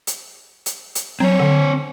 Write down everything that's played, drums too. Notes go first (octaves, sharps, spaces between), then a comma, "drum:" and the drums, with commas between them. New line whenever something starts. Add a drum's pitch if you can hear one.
drum: hi-hat
drum: hi-hat
drum: hi-hat
F#3 C4 C#5
D3